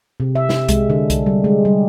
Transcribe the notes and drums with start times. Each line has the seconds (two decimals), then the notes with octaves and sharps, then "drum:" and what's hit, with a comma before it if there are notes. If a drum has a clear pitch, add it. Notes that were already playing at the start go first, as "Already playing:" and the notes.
0.20 C3
0.35 E5
0.49 drum: snare
0.68 G#3, drum: kick C2, hi-hat
0.90 D3
1.10 drum: kick C2, hi-hat
1.26 G3
1.44 G#3
1.65 G3